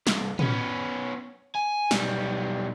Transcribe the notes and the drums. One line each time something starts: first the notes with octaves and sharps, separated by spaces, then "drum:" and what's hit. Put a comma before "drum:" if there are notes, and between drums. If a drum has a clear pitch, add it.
C2 G2, drum: snare
B3 C#4, drum: tom
G#5
B1 G3, drum: snare